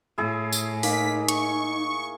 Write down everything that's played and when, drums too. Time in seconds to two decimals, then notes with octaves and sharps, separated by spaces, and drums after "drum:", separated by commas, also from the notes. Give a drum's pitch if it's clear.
0.18 A2 E4 G#4
0.52 drum: tambourine
0.83 A#3 D#4 B6, drum: open hi-hat
1.29 C#6, drum: hi-hat